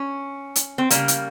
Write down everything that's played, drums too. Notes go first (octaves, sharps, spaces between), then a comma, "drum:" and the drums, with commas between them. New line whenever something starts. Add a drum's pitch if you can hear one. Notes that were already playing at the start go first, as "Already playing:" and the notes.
Already playing: C#4
drum: hi-hat
C4
C#3 G3 A#3, drum: hi-hat
drum: hi-hat